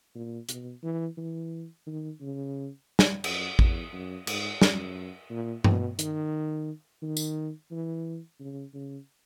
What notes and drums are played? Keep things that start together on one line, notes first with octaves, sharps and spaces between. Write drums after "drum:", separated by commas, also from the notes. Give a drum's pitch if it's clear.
A#2
B2, drum: hi-hat
E3
E3
D#3
C#3
drum: snare
F#2, drum: cymbal
E2, drum: kick A1
F#2
G#2, drum: cymbal
F#2, drum: snare
A#2
B2, drum: tom G2
D#3, drum: hi-hat
D#3
drum: tambourine
E3
C#3
C#3